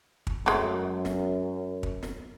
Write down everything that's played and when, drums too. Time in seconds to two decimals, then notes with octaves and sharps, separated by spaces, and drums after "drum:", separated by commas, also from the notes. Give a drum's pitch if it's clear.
0.27 drum: kick
0.46 F#2 G#3 A3, drum: snare
1.05 drum: snare
1.83 drum: kick
2.03 drum: snare